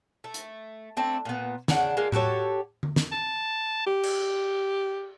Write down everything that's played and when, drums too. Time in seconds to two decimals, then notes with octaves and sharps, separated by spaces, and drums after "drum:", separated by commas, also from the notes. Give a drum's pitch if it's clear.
0.24 A3
0.34 drum: hi-hat
0.97 A3 C4 D4 A5
1.25 A#2 B3
1.68 C#3 D4 F#5, drum: snare
1.97 G#3 A#3 F4
2.12 F#4 G4 A4 C#5, drum: tom A2
2.83 drum: tom D3
2.96 drum: snare
3.12 A5
3.87 G4
4.03 drum: cymbal